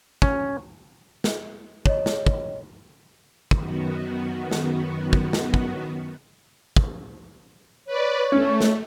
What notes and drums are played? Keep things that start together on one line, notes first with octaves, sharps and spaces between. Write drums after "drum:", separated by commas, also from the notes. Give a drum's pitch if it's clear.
C#4, drum: kick
drum: snare
C#5 D#5, drum: kick
drum: snare
drum: kick
F#2 D#3 B3 F#4, drum: kick
drum: snare
drum: kick
drum: snare
drum: kick
drum: kick
B4 C#5 D5
A3 C#4
drum: snare